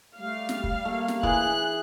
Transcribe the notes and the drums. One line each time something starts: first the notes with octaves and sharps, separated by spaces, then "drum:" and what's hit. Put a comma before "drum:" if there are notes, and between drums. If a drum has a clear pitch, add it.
G3 A3 F5
drum: snare
drum: kick
A3 A#3
drum: snare
E3 G#4 F#6, drum: kick